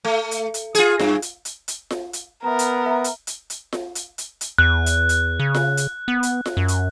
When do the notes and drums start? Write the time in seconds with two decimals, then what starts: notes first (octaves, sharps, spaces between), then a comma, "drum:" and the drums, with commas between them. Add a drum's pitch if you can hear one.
0.05 A3
0.31 drum: hi-hat
0.54 drum: hi-hat
0.75 F4 G#4, drum: hi-hat
0.99 G2, drum: snare F4
1.22 drum: hi-hat
1.45 drum: hi-hat
1.68 drum: hi-hat
1.91 drum: snare F4
2.13 drum: hi-hat
2.44 B3 A#4 E5 A#5
2.59 drum: hi-hat
2.86 E5 A#5
3.04 drum: hi-hat
3.27 drum: hi-hat
3.50 drum: hi-hat
3.73 drum: snare F4
3.95 drum: hi-hat
4.18 drum: hi-hat
4.41 drum: hi-hat
4.58 E2 F#6
4.86 drum: hi-hat
5.09 drum: hi-hat
5.40 C#3
5.55 drum: snare F4
5.77 drum: hi-hat
6.08 B3
6.23 drum: hi-hat
6.46 drum: snare F4
6.57 F#2
6.68 drum: hi-hat